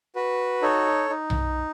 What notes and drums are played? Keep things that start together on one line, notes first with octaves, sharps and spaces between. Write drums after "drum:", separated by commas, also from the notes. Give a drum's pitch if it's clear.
F#4 B4
D#4 A4 C#5
D#4
drum: tom B1